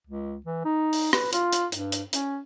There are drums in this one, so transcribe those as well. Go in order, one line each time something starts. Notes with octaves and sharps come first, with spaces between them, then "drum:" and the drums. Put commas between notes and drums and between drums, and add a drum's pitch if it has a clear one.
C#2
E3
D#4
drum: open hi-hat
B4, drum: rim click
F4, drum: hi-hat
drum: hi-hat
G2, drum: hi-hat
drum: hi-hat
C#4, drum: hi-hat